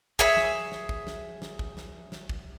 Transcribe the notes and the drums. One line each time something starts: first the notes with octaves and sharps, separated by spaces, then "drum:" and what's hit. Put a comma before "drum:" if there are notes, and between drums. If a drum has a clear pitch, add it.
G#4 C#5 E5 E6, drum: kick
drum: snare
drum: snare
drum: kick
drum: snare
drum: snare
drum: kick
drum: snare
drum: snare
drum: kick